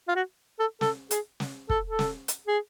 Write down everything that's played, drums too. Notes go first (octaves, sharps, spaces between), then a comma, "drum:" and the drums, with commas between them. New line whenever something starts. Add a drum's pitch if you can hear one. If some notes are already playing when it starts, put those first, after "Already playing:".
F4
F#4
A4
A4, drum: snare
G#4, drum: hi-hat
drum: snare
A4, drum: kick
A4
drum: snare
drum: hi-hat
G#4